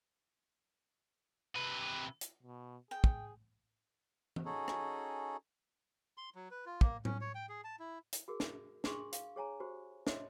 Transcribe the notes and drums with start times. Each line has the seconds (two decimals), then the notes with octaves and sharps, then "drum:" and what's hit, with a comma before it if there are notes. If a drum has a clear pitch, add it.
1.56 C3 B4
2.21 drum: hi-hat
2.43 B2
2.91 G#4 G5
3.04 drum: kick
4.36 drum: tom E3
4.45 C#4 D#4 F#4 G#4 A4
4.68 drum: rim click
6.18 C6
6.35 F#3
6.51 B4
6.66 F4
6.81 A#3, drum: kick
7.05 C#4, drum: tom A2
7.21 C#5
7.35 G5
7.49 G#4
7.64 A5
7.80 E4
8.13 drum: hi-hat
8.28 F#4 G#4 A#4
8.40 drum: snare
8.84 D4 G#4 C6 C#6, drum: snare
9.13 F5, drum: hi-hat
9.36 G#4 C#5 G#5 A#5
9.60 F#4 G4 C5
10.07 C#5 D#5 E5 C6 D6, drum: snare